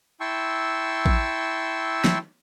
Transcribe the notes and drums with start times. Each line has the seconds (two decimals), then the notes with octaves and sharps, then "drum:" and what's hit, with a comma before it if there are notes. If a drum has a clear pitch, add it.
0.20 E4 G5 A5 C6 C#6 E6
1.06 drum: kick A1
2.04 drum: snare